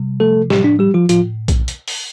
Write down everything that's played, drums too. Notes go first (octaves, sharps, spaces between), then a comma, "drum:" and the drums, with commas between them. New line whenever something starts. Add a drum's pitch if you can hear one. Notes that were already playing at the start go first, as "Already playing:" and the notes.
Already playing: C3 G3
F3 A3 A4
A2 G3 G4, drum: snare
D4
G3 G4
F3 F4
A2 F3 F4, drum: hi-hat
drum: kick B1, hi-hat
drum: hi-hat
drum: open hi-hat